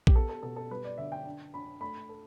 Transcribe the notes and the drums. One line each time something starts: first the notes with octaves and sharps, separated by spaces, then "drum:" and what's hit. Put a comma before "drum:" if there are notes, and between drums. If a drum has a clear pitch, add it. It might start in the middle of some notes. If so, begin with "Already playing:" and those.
G4, drum: kick A#1
B3 A4
A4
B2 A4
A4
G3 B4
D5
D3 E5
G5
D4
D4 B5
A3 B5
A4